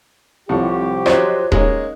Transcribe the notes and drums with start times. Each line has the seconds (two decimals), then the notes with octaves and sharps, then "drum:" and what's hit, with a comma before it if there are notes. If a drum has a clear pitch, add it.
0.49 C2 A2 F3 F4 G4 C#6
1.06 F#3 F4 C5 D#5 F#6, drum: rim click
1.52 G#3 A#3 C#4 D#4, drum: kick D#1